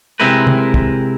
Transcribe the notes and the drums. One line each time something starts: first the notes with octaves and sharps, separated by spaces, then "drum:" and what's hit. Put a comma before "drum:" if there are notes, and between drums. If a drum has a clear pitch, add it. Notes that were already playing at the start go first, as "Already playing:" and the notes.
C3 G#3 C4 E4 A#4 B4
drum: tom
drum: kick